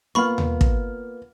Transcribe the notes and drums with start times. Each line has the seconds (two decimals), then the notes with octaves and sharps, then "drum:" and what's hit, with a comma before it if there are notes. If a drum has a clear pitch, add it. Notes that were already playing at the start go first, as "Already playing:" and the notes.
0.15 A#3 B3 F4 B5 C#6 F6
0.38 drum: tom D#2
0.61 drum: kick